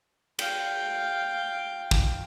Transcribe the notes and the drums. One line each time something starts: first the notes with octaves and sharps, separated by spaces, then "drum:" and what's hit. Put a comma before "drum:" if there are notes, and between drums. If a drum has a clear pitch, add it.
F5 G5, drum: cymbal
drum: kick